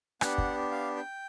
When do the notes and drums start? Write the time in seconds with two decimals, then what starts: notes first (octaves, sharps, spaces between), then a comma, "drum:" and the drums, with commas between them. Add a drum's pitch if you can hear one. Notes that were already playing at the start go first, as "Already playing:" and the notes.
0.21 B3 D4 G4 F#5, drum: rim click
0.38 drum: kick
0.71 F5
0.96 G5